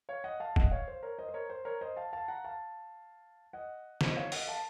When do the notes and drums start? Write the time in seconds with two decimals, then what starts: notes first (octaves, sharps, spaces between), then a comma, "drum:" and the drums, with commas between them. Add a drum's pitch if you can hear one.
0.09 C#5 F5
0.24 D#5 F#5
0.40 F5 A5
0.56 D#5 F#5, drum: kick
0.71 C#5 F5
0.88 C5
1.03 A#4 C#5
1.19 C5 D#5
1.29 C5
1.34 A#4 C#5
1.50 C5
1.65 A#4 C#5
1.81 C5 D#5
1.96 F5 A5
2.13 F5 A5
2.28 F#5 A#5
2.44 F5 A5
3.53 D#5 F#5
4.01 C5 D#5, drum: snare
4.17 C#5 F5
4.32 D#5 F#5, drum: open hi-hat
4.48 F5 A5